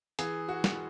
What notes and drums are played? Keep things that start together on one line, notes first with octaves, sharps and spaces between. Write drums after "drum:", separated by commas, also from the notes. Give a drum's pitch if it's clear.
E3 G#4, drum: hi-hat
F#4
E1, drum: snare